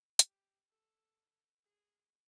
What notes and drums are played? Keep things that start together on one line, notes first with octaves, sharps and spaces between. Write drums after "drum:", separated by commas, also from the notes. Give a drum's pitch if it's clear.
G4, drum: hi-hat
A4
G#4